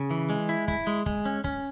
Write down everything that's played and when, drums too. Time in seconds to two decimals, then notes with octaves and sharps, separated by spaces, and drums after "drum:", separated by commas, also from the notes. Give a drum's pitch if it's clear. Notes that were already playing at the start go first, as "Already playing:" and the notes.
Already playing: C#3
0.11 E3
0.30 G#3
0.49 E4
0.68 E4, drum: kick
0.87 G#3
1.06 G#3, drum: kick
1.26 C#4
1.44 C#4, drum: kick